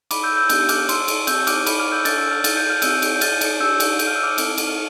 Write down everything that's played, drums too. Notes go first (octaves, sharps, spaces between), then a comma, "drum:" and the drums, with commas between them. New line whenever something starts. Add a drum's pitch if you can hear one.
B5 D6, drum: cymbal
E6 G6
E6 G6
B3 D4 G4 E6 G6, drum: cymbal
D6 F6, drum: cymbal
C6 E6, drum: cymbal
drum: cymbal
C4 G4 E6 G6, drum: cymbal
D6 F6, drum: cymbal
B5 D6, drum: cymbal
D6 F6
E6 G6
D4 A4 F6 A6, drum: cymbal
E6 G6
F6 A6
A6, drum: cymbal
G6
F6
C4 G4 E6 G6, drum: cymbal
drum: cymbal
G6
F6 A6, drum: cymbal
drum: cymbal
D4 G4 E6 G6
drum: cymbal
G6, drum: cymbal
F6
E6
D6 F6
C4 E4 A4, drum: cymbal
drum: cymbal
F6